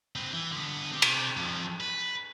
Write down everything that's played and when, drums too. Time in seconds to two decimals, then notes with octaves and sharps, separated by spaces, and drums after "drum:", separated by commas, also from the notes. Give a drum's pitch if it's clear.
0.16 C4 B4
0.33 E3
0.52 D3 B3
0.92 C4 G4
1.02 drum: cymbal
1.37 F2 F3
1.80 B4